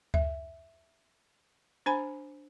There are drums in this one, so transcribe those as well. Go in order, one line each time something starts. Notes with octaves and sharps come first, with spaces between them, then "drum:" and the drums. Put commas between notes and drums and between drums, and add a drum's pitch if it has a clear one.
E5, drum: kick D2
D4 C5 G#5 B5